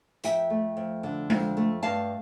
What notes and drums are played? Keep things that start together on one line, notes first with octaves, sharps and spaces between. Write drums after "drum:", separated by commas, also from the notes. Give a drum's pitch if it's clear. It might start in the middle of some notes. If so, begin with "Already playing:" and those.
F2 E5 G5, drum: hi-hat
A3
F2
D3
F2, drum: tom G#3
A3
G2 F5 A5